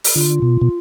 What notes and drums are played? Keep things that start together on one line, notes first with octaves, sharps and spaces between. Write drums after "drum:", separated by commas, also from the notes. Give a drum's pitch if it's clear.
drum: open hi-hat
D3 F4
B2
B2